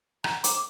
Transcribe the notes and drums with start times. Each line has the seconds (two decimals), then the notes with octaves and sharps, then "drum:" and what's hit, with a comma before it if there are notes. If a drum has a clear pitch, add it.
0.24 A#5, drum: rim click
0.44 D6, drum: hi-hat